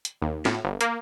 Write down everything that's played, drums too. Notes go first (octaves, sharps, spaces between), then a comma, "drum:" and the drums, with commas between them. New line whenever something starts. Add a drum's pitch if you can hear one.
drum: hi-hat
D#2
A2, drum: snare
G1
A#3, drum: hi-hat